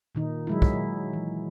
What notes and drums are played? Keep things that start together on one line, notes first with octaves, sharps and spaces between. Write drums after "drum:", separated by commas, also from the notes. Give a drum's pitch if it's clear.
A#2 D#3 D#4
F#3 G#3 E4
drum: kick
E3